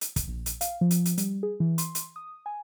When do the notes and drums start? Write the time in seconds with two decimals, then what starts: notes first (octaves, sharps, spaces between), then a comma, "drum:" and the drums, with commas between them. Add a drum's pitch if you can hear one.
0.01 drum: hi-hat
0.16 drum: kick, hi-hat
0.28 A#1
0.46 drum: hi-hat
0.61 F5, drum: hi-hat
0.81 F3
0.91 drum: hi-hat
1.05 drum: hi-hat
1.18 G3, drum: hi-hat
1.43 G#4
1.60 E3
1.78 C6, drum: hi-hat
1.95 drum: hi-hat
2.16 D#6
2.46 G#5